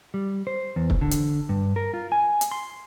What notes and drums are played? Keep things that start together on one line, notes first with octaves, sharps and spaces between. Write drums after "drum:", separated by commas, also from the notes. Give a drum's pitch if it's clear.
G3
C5
E2
drum: kick
D3
drum: hi-hat
G2
A#4
F4
G#5
drum: hi-hat
C6